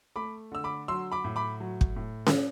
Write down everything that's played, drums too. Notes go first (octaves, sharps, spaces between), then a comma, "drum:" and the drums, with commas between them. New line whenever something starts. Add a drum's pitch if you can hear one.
A3 B5 D6
D3 E6
B5 D6
F#3 C6 E6
B5 D6
A2
B5 D6
F#3
drum: kick
A2
drum: snare C#4